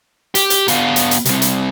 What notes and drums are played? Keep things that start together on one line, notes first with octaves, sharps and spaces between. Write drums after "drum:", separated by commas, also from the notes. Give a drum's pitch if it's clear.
G4, drum: hi-hat
drum: hi-hat
B3 F4, drum: hi-hat
drum: hi-hat
drum: hi-hat
C2 C3, drum: hi-hat
drum: hi-hat